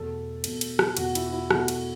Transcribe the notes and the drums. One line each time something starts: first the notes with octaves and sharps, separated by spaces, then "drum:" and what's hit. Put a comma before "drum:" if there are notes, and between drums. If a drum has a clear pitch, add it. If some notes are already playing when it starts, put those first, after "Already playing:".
Already playing: E2 B2 A3 A4
E2 B2 A3, drum: cymbal
drum: cymbal
drum: rim click
E2 B2 A3 F#4, drum: cymbal
E4, drum: cymbal
F#4
E4
E2 B2 A3 F#4, drum: rim click
drum: cymbal